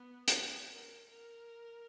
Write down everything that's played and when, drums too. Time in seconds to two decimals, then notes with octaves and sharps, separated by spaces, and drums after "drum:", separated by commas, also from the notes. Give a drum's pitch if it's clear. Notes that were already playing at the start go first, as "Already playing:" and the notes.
Already playing: B3
0.28 drum: hi-hat
0.69 A#4
1.08 A#4